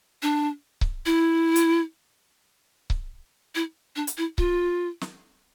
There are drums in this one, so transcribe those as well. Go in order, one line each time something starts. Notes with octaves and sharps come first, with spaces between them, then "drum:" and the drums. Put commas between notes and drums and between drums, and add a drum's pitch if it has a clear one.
D4
drum: kick C#1
E4
drum: hi-hat
drum: kick C#1
E4
D4
drum: hi-hat
E4
F4, drum: kick C#1
drum: snare